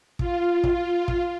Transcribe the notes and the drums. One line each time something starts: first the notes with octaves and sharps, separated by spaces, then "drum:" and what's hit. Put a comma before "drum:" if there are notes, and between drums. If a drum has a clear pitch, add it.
F4, drum: kick
drum: kick
drum: kick